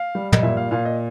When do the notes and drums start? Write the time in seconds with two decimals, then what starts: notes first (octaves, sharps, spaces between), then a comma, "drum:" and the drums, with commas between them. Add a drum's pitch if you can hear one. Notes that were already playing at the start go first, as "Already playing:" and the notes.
Already playing: F5
0.15 G3
0.32 D#5, drum: tom
0.43 A#2 E5
0.57 F5
0.71 A#2 F5
0.85 D#5